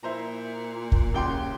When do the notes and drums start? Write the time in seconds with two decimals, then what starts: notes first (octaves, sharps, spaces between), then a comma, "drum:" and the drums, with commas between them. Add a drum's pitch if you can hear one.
0.03 A#2 E4 C5 A#5
0.92 drum: kick
1.14 D#1 C#3 G5 C6 D6 G7